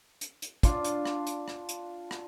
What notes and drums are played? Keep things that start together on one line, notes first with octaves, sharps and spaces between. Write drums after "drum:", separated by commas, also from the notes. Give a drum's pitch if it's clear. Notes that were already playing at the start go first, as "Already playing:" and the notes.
drum: hi-hat
drum: hi-hat
D4 F4, drum: kick, hi-hat
drum: hi-hat
drum: rim click
drum: hi-hat
drum: rim click
drum: hi-hat
drum: rim click